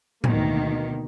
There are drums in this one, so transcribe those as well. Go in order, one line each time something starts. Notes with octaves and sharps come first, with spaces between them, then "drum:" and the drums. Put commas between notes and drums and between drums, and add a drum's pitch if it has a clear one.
D2 B2 D#3 A#3, drum: tom A2